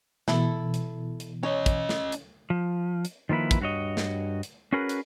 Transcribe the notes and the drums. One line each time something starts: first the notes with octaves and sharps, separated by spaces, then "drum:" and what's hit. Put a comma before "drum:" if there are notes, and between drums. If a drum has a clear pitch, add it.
B2 E3 E4 A4, drum: snare
drum: hi-hat
drum: hi-hat
C#4 C#5 D#5
drum: kick, hi-hat
drum: snare
drum: hi-hat
F3
drum: hi-hat
D#3 F3 A#3 E4 B4
drum: kick, hi-hat
G2 F#4 C#5 D#5
drum: snare
drum: hi-hat
C#4 F#4 G#4 A#4 B4
drum: hi-hat